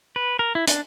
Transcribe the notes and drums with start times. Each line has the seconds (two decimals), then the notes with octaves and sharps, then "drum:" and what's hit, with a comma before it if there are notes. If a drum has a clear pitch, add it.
0.16 B4
0.39 A#4
0.55 E4
0.68 D4, drum: hi-hat